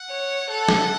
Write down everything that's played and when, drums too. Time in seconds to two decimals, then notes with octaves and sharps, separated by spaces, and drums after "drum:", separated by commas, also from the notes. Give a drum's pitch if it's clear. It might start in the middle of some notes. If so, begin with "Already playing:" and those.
Already playing: F#5
0.10 C#5
0.49 A4 F#5
0.68 drum: snare